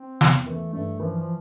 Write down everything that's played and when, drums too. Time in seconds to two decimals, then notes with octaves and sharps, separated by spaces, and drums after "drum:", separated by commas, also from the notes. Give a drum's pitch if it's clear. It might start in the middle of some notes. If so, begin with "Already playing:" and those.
Already playing: C4
0.21 E2, drum: snare
0.46 E3 A3
0.73 G2 A3
1.00 E3 F3
1.18 F3